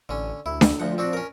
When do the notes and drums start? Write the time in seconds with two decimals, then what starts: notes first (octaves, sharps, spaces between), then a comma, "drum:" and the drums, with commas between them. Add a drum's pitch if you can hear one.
0.09 A1 D3 C#4
0.46 D2 E4
0.61 drum: snare D4
0.80 D2 F3 F#5
0.98 C4 D4 F#4
1.13 C#4 A#4